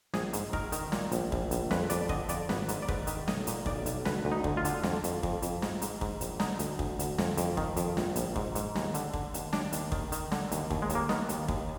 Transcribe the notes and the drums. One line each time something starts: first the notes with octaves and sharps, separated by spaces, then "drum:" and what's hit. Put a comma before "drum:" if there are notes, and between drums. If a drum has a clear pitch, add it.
A#1 G#4, drum: snare
G#2, drum: hi-hat
D#3 A#4, drum: kick
D#3, drum: hi-hat
A#2, drum: snare
A#1, drum: hi-hat
A#1, drum: kick
A#1, drum: hi-hat
F2 B4, drum: snare
F2 D5, drum: hi-hat
D3 D#5, drum: kick
F2 D5, drum: hi-hat
G#1 B4, drum: snare
G#2, drum: hi-hat
D5
G#2 B4, drum: kick
D#3, drum: hi-hat
B1 D#5, drum: snare
A#2, drum: hi-hat
B1 D5, drum: kick
B1, drum: hi-hat
D2 B4, drum: snare
D2
D#4
D2, drum: kick
F4
D3, drum: hi-hat
F2, drum: snare
F2, drum: hi-hat
F2, drum: kick
F2, drum: hi-hat
G#2, drum: snare
G#2, drum: hi-hat
G#2, drum: kick
A#1, drum: hi-hat
D3 D#4, drum: snare
D2, drum: hi-hat
D2, drum: kick
D2, drum: hi-hat
F2, drum: snare
F2, drum: hi-hat
D#3, drum: kick
F2, drum: hi-hat
A#1, drum: snare
A#1, drum: hi-hat
G#2, drum: kick
G#2, drum: hi-hat
D#2, drum: snare
D3, drum: hi-hat
D3, drum: kick
D#2, drum: hi-hat
D#2 D4, drum: snare
D#2, drum: hi-hat
D#3, drum: kick
D#3, drum: hi-hat
D3, drum: snare
D#2, drum: hi-hat
D#2, drum: kick
G#3
D#2, drum: hi-hat
A#3
D#3 B3, drum: snare
D#2, drum: hi-hat
D#2, drum: kick